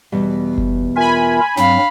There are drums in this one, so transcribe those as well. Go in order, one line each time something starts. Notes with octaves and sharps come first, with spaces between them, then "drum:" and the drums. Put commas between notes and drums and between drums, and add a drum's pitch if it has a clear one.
E2 B2 G3
drum: kick F#1
F4 A#4 E5 G#5 B5
G2 F#3 C4 F5 B5, drum: snare